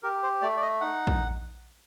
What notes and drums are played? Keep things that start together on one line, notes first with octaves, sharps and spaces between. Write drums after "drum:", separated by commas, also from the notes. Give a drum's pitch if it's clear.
G4 A#4
C5
A3 D5
D5
D#5
D#4 F#5
drum: kick A#1